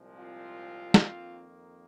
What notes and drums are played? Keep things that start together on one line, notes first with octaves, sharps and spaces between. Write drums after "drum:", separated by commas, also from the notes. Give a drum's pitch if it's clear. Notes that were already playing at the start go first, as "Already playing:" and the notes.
Already playing: C2 A#2 F3 G#3
C4 F4
drum: snare
F2 D#3 A#3